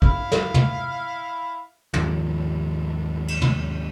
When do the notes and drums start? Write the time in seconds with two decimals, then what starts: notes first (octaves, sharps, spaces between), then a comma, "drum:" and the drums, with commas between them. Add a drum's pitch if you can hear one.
0.02 E4 F5, drum: kick
0.32 drum: snare
0.54 drum: tom
1.93 D#2 G#2 D#3 F3, drum: tom
3.28 drum: cymbal
3.42 drum: tom